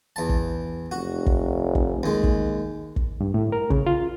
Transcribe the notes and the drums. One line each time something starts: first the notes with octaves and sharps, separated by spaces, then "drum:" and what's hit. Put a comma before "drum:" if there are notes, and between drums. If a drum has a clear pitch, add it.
E2 A5
drum: kick
F1 F#4
drum: kick
drum: kick
D#2 G#3
drum: kick
drum: kick
G2
A2
A#4
C#3, drum: kick
F4